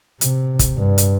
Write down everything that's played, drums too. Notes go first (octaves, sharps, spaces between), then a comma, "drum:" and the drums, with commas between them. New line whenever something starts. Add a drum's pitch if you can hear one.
C3, drum: hi-hat
drum: kick, hi-hat
G2
drum: hi-hat